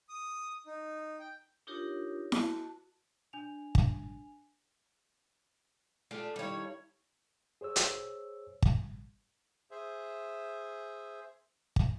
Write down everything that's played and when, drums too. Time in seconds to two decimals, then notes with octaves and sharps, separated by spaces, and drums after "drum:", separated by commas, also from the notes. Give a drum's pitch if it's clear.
0.09 D#6
0.67 D#4
1.19 G5
1.67 D4 D#4 F4 G4 A#4 C#5
2.32 F#4 A5, drum: snare E4
3.33 D4 G#5 F7
3.75 drum: kick
6.11 A3 D4 F4 G4 G#4
6.36 G2 D#3 G3 E4 C#5
7.61 G#4 C5 C#5 E6
7.76 drum: hi-hat
8.62 drum: kick
9.71 G#4 C5 E5
11.76 drum: kick